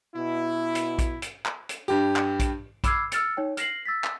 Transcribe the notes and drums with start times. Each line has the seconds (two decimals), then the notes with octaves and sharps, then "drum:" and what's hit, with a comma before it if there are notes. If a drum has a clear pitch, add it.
0.15 B2 E4
0.75 drum: hi-hat
0.99 drum: kick A#1, hi-hat
1.22 drum: hi-hat
1.46 drum: clap
1.69 drum: hi-hat
1.88 G2 G4
2.16 drum: clap
2.40 drum: kick A#1, hi-hat
2.84 B5 D6 E6 F6 G#6 C7, drum: kick A#1, hi-hat
3.12 E6 F6 A6 C#7, drum: hi-hat
3.37 D#4 C#5 G5
3.57 F6 A#6 C7 F#7, drum: hi-hat
3.86 E6 A6 B6
4.04 drum: clap